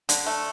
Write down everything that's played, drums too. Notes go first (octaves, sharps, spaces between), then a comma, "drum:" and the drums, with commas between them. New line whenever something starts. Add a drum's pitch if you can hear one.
D3, drum: hi-hat
A3